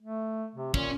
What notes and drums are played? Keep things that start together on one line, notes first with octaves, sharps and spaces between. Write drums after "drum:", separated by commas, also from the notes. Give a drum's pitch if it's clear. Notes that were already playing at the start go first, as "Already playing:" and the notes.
A3
C3
A#2 C#4, drum: kick